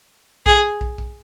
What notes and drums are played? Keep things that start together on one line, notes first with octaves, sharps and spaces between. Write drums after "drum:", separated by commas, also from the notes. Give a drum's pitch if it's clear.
G#4, drum: kick
drum: kick
drum: kick